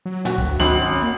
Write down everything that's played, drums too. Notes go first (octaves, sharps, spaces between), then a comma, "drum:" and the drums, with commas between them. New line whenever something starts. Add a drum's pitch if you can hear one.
F#3
A#2 F#4, drum: snare
D2, drum: kick
G#1 F#7, drum: snare
C#4
A#3